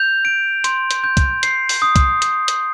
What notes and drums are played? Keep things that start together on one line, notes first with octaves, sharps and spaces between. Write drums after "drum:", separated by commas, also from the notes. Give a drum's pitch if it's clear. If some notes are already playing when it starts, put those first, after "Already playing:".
Already playing: G6 F7
D7
C6, drum: hi-hat
drum: hi-hat
G6
drum: kick C2, hi-hat
C7, drum: hi-hat
drum: open hi-hat
D#6
drum: kick C2, hi-hat
drum: hi-hat
drum: hi-hat